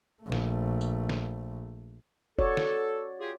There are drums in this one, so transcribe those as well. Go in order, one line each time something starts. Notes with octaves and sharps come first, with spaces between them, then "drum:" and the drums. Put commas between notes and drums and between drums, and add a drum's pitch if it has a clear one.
A#1 A3
drum: snare
drum: tambourine
drum: snare
F#4 A4 C#5 D5, drum: kick
drum: snare
F4 G4 G#4